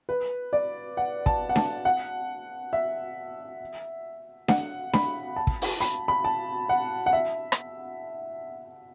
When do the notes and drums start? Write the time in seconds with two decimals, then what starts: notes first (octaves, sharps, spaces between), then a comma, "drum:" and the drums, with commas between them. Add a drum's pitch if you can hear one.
0.09 B4
0.53 D5
0.97 F#5
1.26 A5, drum: kick
1.49 F#5
1.56 A5, drum: snare D4
1.85 F#5
2.73 E5
4.48 F#5, drum: snare D4
4.93 B5, drum: snare D4
5.36 A5
5.47 drum: kick
5.62 drum: open hi-hat
5.80 B5, drum: hi-hat
6.08 B5
6.25 A5
6.69 F#5
7.06 F#5
7.13 E5
7.52 drum: rim click